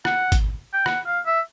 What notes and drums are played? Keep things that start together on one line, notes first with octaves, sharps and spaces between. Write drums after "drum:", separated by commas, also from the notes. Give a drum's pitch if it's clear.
F#5, drum: rim click
drum: kick G#1, hi-hat
G5
F#5, drum: rim click
F5
E5